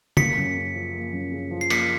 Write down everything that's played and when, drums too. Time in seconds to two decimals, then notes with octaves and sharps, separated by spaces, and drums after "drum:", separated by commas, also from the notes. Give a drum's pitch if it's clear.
0.17 A#3 B6 C#7, drum: tom C#3
0.37 F#2
0.56 C#3
0.75 F3
0.95 A#3
1.14 F#2
1.32 C#3
1.51 F3
1.61 C7
1.70 A#3 B6 C#7, drum: cymbal